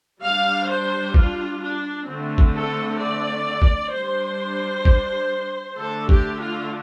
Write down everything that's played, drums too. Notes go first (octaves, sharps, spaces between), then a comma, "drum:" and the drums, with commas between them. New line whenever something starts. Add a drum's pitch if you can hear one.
G3 D4 F5
C5
F4, drum: kick G1
D4
D3 A3 C4
drum: kick G1
A4
D5
drum: kick G1
G3 D4 C5
drum: kick G1
D3 A3 D4 A4
G4, drum: kick G1
F4